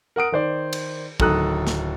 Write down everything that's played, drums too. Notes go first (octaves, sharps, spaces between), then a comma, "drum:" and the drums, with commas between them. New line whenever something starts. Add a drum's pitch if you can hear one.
A#4 F#5 D#6 D7
D#3 C5 D5
drum: cymbal
D1 D#3 A4 A#5 D#6 F#6, drum: kick
drum: snare